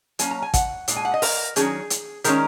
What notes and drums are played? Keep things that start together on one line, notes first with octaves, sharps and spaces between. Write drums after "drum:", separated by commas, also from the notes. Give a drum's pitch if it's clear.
F#3 A#3 C#4 G#5, drum: hi-hat
A#5
G#5
F#5, drum: kick, hi-hat
A#2 G#3, drum: hi-hat
G#5
F#5
D#5
A#4, drum: open hi-hat
D#3 F#3 C#4 G#4, drum: hi-hat
drum: hi-hat
D#3 G#3 C#4 A#4, drum: hi-hat